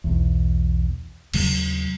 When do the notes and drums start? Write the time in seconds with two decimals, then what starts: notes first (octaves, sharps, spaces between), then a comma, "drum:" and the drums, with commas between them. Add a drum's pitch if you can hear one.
0.04 B1 E2
1.34 D#2 C#3 F#3, drum: cymbal